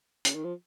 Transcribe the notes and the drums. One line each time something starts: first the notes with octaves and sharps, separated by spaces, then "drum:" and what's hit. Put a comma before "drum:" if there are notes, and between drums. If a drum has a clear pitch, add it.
C#3, drum: hi-hat
D#3
F3